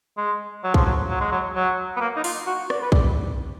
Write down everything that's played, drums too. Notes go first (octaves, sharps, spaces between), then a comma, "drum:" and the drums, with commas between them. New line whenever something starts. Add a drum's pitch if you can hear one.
G#3
F#3
F3, drum: kick B1
F#3
F#3
G#3
F#3
F#3
B3
A#3
D#4
F4, drum: open hi-hat
F#4
D5, drum: rim click
B4
D5, drum: kick B1